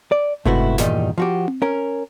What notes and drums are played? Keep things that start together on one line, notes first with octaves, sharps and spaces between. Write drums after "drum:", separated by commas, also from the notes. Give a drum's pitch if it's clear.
D5
G#2 C3 A3 B3 E4 F#4, drum: kick F#1
E2 G2 A#2 D#3 G3 D#4, drum: snare
F3 F#4 G4
drum: tom C4
C#4 A#4